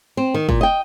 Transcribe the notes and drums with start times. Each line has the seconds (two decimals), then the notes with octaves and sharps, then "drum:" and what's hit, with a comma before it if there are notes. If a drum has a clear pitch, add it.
0.17 C4
0.34 D#3
0.49 A#2, drum: kick
0.61 D#5 G5